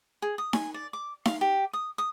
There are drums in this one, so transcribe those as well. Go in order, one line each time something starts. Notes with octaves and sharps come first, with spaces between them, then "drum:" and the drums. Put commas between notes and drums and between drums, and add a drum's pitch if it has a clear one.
G#4
D#6
G#5, drum: snare D#4
D5
D6
F5, drum: snare D#4
G4
D#6
D#6